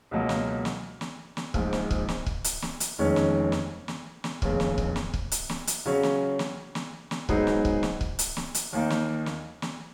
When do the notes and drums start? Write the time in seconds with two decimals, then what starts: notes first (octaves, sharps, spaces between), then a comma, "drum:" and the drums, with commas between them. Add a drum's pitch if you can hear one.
0.11 C#2 B2 F#3 A#3
0.29 drum: snare
0.65 drum: snare
1.01 drum: snare
1.37 drum: snare
1.54 A#1 G#2 F3, drum: kick
1.73 drum: snare
1.91 drum: kick
2.09 drum: snare
2.26 drum: kick
2.44 drum: hi-hat
2.62 drum: snare
2.80 drum: hi-hat
2.98 F1 D#2 D#3 G#3 C#4
3.16 drum: snare
3.52 drum: snare
3.88 drum: snare
4.24 drum: snare
4.42 F1 D#2 C#3, drum: kick
4.60 drum: snare
4.78 drum: kick
4.96 drum: snare
5.14 drum: kick
5.32 drum: hi-hat
5.49 drum: snare
5.67 drum: hi-hat
5.85 C#3 F#3 C#4
6.03 drum: snare
6.39 drum: snare
6.75 drum: snare
7.11 drum: snare
7.29 G#2 F#3 B3 D#4 G#4, drum: kick
7.47 drum: snare
7.65 drum: kick
7.83 drum: snare
8.01 drum: kick
8.19 drum: hi-hat
8.37 drum: snare
8.55 drum: hi-hat
8.73 D#2 D#3 A#3 D#4
8.90 drum: snare
9.26 drum: snare
9.62 drum: snare